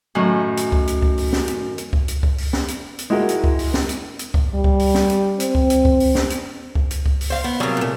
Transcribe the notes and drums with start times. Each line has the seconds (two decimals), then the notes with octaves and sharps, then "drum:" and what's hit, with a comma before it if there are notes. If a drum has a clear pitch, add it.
0.15 F#2 A2 D#3
0.57 drum: hi-hat
0.72 drum: kick C#2
0.87 drum: hi-hat
1.02 drum: kick C#2
1.18 drum: open hi-hat
1.33 drum: snare
1.48 drum: hi-hat
1.78 drum: hi-hat
1.93 drum: kick C#2
2.08 drum: hi-hat
2.23 drum: kick C#2
2.38 drum: open hi-hat
2.53 drum: snare
2.68 drum: hi-hat
2.98 drum: hi-hat
3.10 G#3 E4 F#4 A#4
3.29 drum: hi-hat
3.44 drum: kick C#2
3.59 drum: open hi-hat
3.74 drum: snare
3.89 drum: hi-hat
4.19 drum: hi-hat
4.34 drum: kick C#2
4.54 G3
4.64 drum: kick C#2
4.79 drum: open hi-hat
4.94 drum: snare
5.10 drum: hi-hat
5.40 C4, drum: hi-hat
5.55 drum: kick C#2
5.70 drum: hi-hat
5.85 drum: kick C#2
6.00 drum: open hi-hat
6.15 drum: snare
6.30 drum: hi-hat
6.75 drum: kick C#2
6.91 drum: hi-hat
7.06 drum: kick C#2
7.21 drum: open hi-hat
7.30 C5 F5
7.44 B3
7.60 C3 F#3 G3 A#3 G#4
7.77 A#2 A3